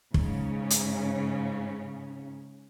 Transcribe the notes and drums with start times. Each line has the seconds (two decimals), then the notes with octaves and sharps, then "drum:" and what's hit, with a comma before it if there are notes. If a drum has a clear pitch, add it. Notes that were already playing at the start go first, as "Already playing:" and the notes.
0.14 G#2 C#3 C#4, drum: kick
0.70 drum: hi-hat